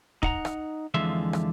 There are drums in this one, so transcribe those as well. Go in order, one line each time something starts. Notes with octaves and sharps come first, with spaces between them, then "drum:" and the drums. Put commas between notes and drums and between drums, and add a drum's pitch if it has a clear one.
D#4 F#5 A#5, drum: kick
drum: rim click
F2 D3 E3 G#3 F4 E5
drum: rim click